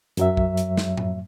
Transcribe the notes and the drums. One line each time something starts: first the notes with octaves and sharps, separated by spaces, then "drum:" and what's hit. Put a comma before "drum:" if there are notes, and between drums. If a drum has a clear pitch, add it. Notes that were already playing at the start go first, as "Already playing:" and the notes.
F#2 F#3 E5, drum: hi-hat
drum: kick
drum: hi-hat
drum: snare
drum: tom A2